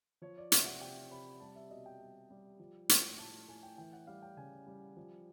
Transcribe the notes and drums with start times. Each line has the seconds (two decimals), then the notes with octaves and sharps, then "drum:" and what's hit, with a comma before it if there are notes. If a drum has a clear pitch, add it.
0.22 F3 C#5
0.37 D5
0.52 C3 E5, drum: hi-hat
0.66 F#5
0.81 C3 G5
1.11 C3 B5
1.40 G3 A5
1.55 E5
1.71 B2 D#5
1.86 G5
2.00 G3
2.30 G3
2.60 F3
2.89 A2, drum: hi-hat
3.18 A2 A5
3.48 A2 G#5
3.63 G5
3.78 E3 G5
3.93 F#5
4.07 G3 F5
4.22 G5
4.37 C#3 G#5
4.67 G3
4.97 F3